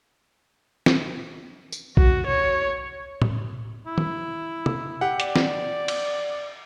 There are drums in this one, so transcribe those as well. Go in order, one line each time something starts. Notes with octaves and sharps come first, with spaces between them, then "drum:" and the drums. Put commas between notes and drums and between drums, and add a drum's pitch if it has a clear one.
drum: snare
drum: tambourine
F#4, drum: kick A#1
C#5
drum: tom A2
E4
drum: tom D#3
drum: tom
G4 F#5
D5, drum: hi-hat
drum: snare
drum: cymbal